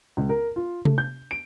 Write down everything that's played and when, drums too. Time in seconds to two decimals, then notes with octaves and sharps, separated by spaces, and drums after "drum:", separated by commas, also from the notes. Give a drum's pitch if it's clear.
0.17 C#2
0.29 A#4
0.56 F4
0.85 A3, drum: tom C3
0.98 G6
1.31 D7